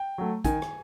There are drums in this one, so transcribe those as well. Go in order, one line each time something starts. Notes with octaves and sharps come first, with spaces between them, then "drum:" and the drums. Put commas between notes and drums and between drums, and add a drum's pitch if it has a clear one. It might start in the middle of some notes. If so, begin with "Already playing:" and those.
Already playing: G5
F#3 A3
D#3 G#5, drum: kick, hi-hat
drum: rim click